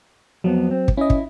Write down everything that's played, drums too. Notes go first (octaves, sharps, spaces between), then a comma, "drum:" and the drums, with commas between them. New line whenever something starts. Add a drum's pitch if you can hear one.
F2 F#3 B3
C4
drum: kick
C#4 E4 D#5
drum: kick